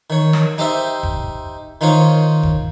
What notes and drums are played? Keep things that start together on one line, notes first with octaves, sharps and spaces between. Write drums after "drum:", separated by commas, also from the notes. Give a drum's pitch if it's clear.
D#3 C#5
drum: snare
D#4 G4 C5 E5
drum: kick E1
D#3 D#4 F4 C5 C#5
drum: kick E1